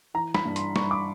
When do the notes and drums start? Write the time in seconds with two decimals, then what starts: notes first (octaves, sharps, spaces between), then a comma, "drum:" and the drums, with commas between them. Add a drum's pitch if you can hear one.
0.14 E3 A#5
0.35 B5, drum: snare
0.45 G2
0.56 C6, drum: hi-hat
0.76 G2 C#6, drum: snare
0.91 D6